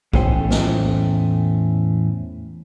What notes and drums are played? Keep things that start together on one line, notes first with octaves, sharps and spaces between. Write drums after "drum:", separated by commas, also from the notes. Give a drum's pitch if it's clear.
E2 A2 A3 C#4 C5 G5, drum: kick
drum: snare